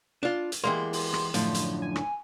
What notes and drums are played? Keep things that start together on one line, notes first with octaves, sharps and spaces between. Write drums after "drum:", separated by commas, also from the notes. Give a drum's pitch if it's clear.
D4 F4
drum: hi-hat
E2 E3 G#3 A#3 B3 G4 C6
drum: open hi-hat
drum: rim click
F#2 A2 D3 F3, drum: hi-hat
drum: hi-hat
G#5
drum: rim click